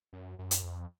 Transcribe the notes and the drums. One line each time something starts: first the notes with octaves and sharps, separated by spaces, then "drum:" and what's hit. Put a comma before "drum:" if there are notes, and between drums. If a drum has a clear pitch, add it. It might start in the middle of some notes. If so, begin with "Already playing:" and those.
F#2
F#2
drum: hi-hat
F2